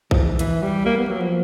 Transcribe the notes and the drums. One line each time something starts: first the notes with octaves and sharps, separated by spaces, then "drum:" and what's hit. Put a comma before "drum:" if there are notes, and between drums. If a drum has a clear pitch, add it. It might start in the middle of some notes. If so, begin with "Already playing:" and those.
F3, drum: kick A#1
E3
E3, drum: hi-hat
G3
A#3
B3
F#3
F3